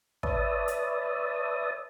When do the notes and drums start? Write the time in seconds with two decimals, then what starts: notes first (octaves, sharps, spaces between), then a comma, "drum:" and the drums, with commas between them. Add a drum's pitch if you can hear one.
0.23 B4 C#5 D5 E5 A5 D#6, drum: kick
0.68 drum: hi-hat